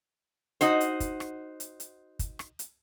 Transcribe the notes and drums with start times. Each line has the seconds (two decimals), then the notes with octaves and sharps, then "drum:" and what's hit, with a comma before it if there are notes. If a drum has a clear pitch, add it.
0.61 D#4 F#4 C5, drum: hi-hat
0.81 drum: hi-hat
1.00 drum: kick, hi-hat
1.20 drum: rim click
1.60 drum: hi-hat
1.80 drum: hi-hat
2.19 drum: kick, hi-hat
2.39 drum: rim click
2.59 drum: hi-hat